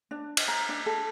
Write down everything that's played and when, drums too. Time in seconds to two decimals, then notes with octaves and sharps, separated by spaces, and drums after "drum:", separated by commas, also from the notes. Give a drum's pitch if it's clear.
0.11 D4
0.37 drum: cymbal
0.48 A#5
0.69 D4
0.86 A4